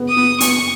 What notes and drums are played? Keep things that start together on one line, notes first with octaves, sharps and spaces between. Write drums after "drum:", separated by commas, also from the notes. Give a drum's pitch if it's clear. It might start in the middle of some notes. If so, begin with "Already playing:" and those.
Already playing: C#3 B3
D#6
B3
B3 C#6, drum: hi-hat